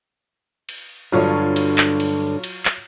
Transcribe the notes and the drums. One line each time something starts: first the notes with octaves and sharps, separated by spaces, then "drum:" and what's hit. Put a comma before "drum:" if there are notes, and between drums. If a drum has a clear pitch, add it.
drum: cymbal
G2 D3 F#3 F4 C#5
drum: cymbal
drum: clap
drum: cymbal
drum: cymbal
drum: clap